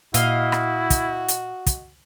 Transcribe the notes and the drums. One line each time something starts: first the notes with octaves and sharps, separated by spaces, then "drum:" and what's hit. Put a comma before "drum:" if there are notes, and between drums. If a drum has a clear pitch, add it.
A#2 E4 F#4 D#5 F5, drum: hi-hat
drum: rim click
drum: kick, hi-hat
drum: hi-hat
drum: kick, hi-hat